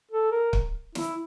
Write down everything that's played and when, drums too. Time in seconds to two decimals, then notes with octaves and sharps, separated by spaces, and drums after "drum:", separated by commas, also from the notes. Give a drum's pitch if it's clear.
0.11 A4
0.32 A#4
0.53 drum: kick
0.95 E4, drum: snare